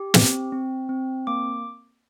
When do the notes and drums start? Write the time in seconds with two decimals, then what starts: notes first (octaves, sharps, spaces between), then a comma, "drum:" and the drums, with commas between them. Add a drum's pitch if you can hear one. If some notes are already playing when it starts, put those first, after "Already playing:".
Already playing: G4
0.14 C4, drum: snare
0.52 C4
0.89 C4
1.27 A#3 D6